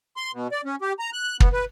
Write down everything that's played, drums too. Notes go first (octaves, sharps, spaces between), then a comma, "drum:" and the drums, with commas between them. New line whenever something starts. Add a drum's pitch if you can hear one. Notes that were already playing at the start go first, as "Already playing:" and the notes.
C6
B2
D5
C#4
G4
A#5
F#6
B3, drum: kick
B4